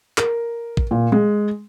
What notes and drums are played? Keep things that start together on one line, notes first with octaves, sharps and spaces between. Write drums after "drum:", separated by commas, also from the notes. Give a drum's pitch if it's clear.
A#4, drum: clap
drum: kick A1
A#2
G#3